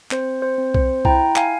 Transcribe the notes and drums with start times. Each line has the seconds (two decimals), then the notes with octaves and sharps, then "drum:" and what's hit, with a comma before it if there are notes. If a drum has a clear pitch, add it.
0.11 C4 C5, drum: clap
0.42 C5
0.58 C4
0.74 C5, drum: kick C2
1.05 E4 G5 A#5, drum: kick C2
1.36 F5 G#5, drum: clap